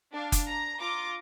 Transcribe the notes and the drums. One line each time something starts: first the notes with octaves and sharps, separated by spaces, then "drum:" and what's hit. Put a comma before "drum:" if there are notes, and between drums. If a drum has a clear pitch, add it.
D4 F5
drum: kick F#1, hi-hat
A#5
F4 A#5 D6